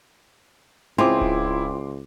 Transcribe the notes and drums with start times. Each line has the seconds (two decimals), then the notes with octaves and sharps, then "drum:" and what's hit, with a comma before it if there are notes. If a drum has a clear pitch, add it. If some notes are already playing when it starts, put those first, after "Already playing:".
0.98 C#2 C4 E4 F4 G#4 C6 D6
1.21 drum: kick D1